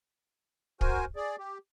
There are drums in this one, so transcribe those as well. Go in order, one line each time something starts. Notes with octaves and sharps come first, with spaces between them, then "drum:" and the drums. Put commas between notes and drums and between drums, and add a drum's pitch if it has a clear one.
F#4 A#4 C5 G#5, drum: kick
G#4 D5
G4